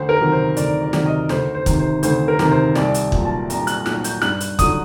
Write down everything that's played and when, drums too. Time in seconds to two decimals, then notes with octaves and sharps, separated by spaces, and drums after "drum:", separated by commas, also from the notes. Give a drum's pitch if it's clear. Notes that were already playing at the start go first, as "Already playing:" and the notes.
Already playing: D2 C5
0.09 A#4
0.21 C3 D#3 F#3
0.32 C5
0.57 D2 D5, drum: hi-hat
0.82 D5
0.93 C3 D#3 F#3, drum: snare
1.06 D#5
1.29 D2 C5, drum: snare
1.55 C5
1.66 C3 D#3, drum: kick, hi-hat
1.79 C5
2.03 D2 C5, drum: hi-hat
2.28 A#4
2.39 C3 D#3, drum: snare
2.51 C5
2.75 C2 D5, drum: snare
2.94 drum: hi-hat
3.12 A#2 F#3, drum: kick
3.25 A5
3.50 C2 A#5, drum: hi-hat
3.67 F#6, drum: hi-hat
3.86 A#2 F#3 F#6, drum: snare
4.04 G6, drum: hi-hat
4.22 G2 F#6, drum: snare
4.40 drum: hi-hat
4.59 D3 F#3 D#6, drum: kick, hi-hat